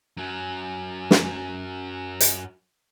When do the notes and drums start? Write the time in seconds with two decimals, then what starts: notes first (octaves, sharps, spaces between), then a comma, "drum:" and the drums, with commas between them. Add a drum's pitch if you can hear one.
0.17 F#2 F#3
1.11 drum: snare
2.20 drum: hi-hat